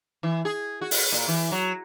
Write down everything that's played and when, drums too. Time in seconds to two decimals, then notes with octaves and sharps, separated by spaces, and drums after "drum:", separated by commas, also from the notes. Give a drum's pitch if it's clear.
0.23 E3
0.45 G#4
0.81 F#4
0.91 drum: open hi-hat
1.12 A#2
1.28 E3
1.52 F#3